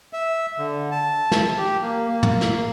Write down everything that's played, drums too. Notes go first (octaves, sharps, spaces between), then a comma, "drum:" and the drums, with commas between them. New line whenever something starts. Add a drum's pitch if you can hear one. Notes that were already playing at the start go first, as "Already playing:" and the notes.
E5
D3
A5
drum: snare
G4
A#3
A#3
drum: tom
drum: snare